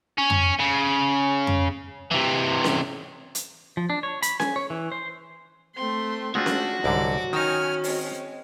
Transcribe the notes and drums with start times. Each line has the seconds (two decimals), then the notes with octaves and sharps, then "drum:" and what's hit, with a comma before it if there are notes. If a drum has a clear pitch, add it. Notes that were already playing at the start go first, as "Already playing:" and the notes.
0.18 C#4
0.30 drum: tom F2
0.59 C#3
1.47 drum: tom F2
2.11 C3 E3
2.64 drum: snare C#4
3.35 drum: hi-hat
3.77 F3
3.90 D4
4.03 C#5
4.22 B5, drum: hi-hat
4.40 G#5, drum: snare C#4
4.56 C#5
4.70 E3
4.92 C5
5.76 A3 C4 C6
6.35 G#3 A3 D4 F4 F#4
6.46 drum: snare C#4
6.84 C2 G#2 D3 F#3 D6
7.33 D#3 C#4 D#4 G#5 F6
7.84 G#3 C4, drum: open hi-hat